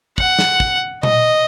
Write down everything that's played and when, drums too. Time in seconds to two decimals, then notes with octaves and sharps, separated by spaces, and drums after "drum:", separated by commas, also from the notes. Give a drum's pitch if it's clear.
0.18 F#5, drum: kick
0.39 drum: snare
0.60 drum: kick
1.03 D#5, drum: tom A#2